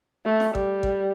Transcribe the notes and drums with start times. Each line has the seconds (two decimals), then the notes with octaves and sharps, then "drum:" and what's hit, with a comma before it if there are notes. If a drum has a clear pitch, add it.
0.26 A3
0.40 drum: snare F4
0.55 G3, drum: kick
0.83 drum: kick